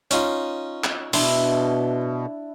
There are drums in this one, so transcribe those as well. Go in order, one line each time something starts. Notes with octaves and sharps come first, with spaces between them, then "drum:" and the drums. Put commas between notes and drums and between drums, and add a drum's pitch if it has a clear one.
C#4 D#4 F4, drum: hi-hat
drum: clap
B2 D4 E4 C6, drum: open hi-hat